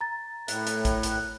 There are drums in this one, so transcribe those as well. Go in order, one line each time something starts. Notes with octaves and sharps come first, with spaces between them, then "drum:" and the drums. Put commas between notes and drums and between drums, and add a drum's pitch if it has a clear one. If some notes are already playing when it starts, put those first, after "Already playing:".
A#5 A6
A2 F#6, drum: hi-hat
drum: hi-hat
drum: kick A#1, hi-hat
drum: hi-hat